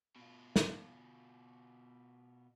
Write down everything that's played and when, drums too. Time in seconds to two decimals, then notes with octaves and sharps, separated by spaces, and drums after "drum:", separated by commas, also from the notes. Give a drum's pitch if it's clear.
0.16 B2 F4
0.56 drum: snare